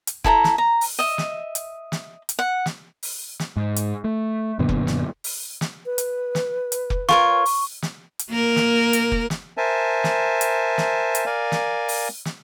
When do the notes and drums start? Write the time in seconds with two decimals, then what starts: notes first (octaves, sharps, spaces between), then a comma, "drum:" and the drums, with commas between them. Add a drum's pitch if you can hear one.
0.07 drum: hi-hat
0.24 E4 A4 A5 A#5, drum: kick F1
0.44 drum: snare
0.58 A#5
0.81 drum: open hi-hat
0.99 D#5 E5
1.18 drum: snare
1.55 drum: hi-hat
1.92 drum: snare
2.29 drum: hi-hat
2.39 F#5
2.66 drum: snare
3.03 drum: open hi-hat
3.40 drum: snare
3.57 G#2
3.76 drum: hi-hat
4.04 A3
4.59 F#2 A#2 D3 B3
4.69 drum: kick F1
4.87 drum: snare
5.24 drum: open hi-hat
5.61 drum: snare
5.86 B4
5.98 drum: hi-hat
6.35 drum: snare
6.72 drum: hi-hat
6.90 drum: kick F1
7.09 F4 A#4 C#5 C#6, drum: snare
7.46 drum: open hi-hat
7.82 drum: snare
8.19 drum: hi-hat
8.30 A#3 A#4
8.56 drum: snare
8.93 drum: hi-hat
9.12 drum: kick F1
9.30 drum: snare
9.57 A#4 C5 E5 G#5 A5
10.04 drum: snare
10.41 drum: hi-hat
10.78 drum: snare
11.15 drum: hi-hat
11.26 A#4 D5 F5 G#5
11.52 drum: snare
11.89 drum: open hi-hat
12.25 drum: snare